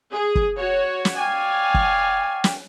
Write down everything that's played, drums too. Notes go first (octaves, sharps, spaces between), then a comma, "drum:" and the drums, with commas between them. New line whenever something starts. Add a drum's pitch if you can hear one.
G#4
drum: kick
F#4 C#5
drum: snare
C#5 D5 F5 G5 G#5
drum: kick
drum: snare